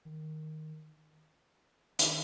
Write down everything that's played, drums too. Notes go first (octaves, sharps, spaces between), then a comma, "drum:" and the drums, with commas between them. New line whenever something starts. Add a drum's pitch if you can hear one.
D#3
D#3, drum: hi-hat